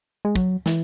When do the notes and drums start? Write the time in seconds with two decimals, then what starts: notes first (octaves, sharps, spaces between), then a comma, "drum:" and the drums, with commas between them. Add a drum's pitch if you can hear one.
0.25 G#3
0.36 F#3, drum: kick, hi-hat
0.66 E3, drum: snare